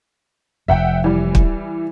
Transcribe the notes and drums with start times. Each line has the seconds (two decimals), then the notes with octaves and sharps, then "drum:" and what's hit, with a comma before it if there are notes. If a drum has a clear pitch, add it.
0.68 F1 F2 E5 F#5 G5
1.04 E3 G3
1.35 drum: kick